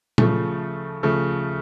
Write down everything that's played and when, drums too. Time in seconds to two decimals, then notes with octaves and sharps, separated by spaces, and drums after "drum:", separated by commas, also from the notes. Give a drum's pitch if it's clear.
0.18 C#3 F3 A3, drum: tom A#2
1.03 C#3 F3 A3